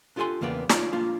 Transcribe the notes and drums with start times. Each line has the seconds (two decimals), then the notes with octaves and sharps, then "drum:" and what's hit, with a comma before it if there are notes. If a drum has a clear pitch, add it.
0.16 D4 F4 G4 A4 G#5 C6
0.41 E2 C#3 A#3 B3 D5 G5
0.70 D#4 F4 C#5 D5, drum: snare
0.93 A#3 D4 F4